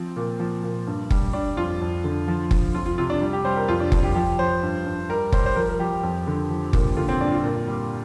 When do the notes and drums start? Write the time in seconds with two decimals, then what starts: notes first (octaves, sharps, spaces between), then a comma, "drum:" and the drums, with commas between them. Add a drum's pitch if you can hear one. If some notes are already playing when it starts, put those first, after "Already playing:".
Already playing: F3 C4
0.16 A#2
0.40 F3
0.63 A#2
0.87 G2
1.10 G3, drum: kick F#1
1.33 G3 D4
1.57 F2 F4
1.81 F2
2.04 D3
2.28 F3
2.51 F3, drum: kick F#1
2.74 F2 F4
2.86 F4
2.98 C3 F4
3.10 D4
3.21 G3
3.33 G4
3.45 G3 C5
3.56 A#4
3.68 F2 F4
3.80 D4
3.92 F2 D4, drum: kick F#1
4.04 G4
4.15 F3 G4
4.39 F3 C5
4.63 G2
4.86 G2
5.09 G3 A#4
5.32 G3 C5, drum: kick F#1
5.46 C5
5.56 F3 A#4
5.69 A#4
5.79 F3 G4
6.03 F2
6.27 D3
6.51 F3
6.73 A#2, drum: kick F#1
6.97 D3 F4
7.09 C4
7.21 G2 D4
7.32 F4
7.44 A#2
7.68 G3